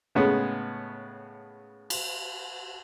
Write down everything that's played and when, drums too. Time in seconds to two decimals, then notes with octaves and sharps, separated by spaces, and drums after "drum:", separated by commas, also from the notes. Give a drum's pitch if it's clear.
0.15 A2 C#3 G#3 B3 C#4
1.90 drum: cymbal